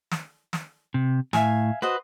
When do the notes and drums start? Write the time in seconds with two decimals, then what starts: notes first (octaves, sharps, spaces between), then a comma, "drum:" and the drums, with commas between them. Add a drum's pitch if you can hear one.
0.11 drum: snare
0.53 drum: snare
0.94 C3
1.33 A2 E5 F5 G#5, drum: snare
1.82 F#4 B4 C5 D#5